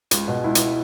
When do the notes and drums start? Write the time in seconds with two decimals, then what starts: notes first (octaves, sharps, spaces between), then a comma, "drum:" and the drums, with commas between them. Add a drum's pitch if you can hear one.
0.11 C#2, drum: hi-hat
0.28 B2
0.44 C#2 E4
0.55 drum: hi-hat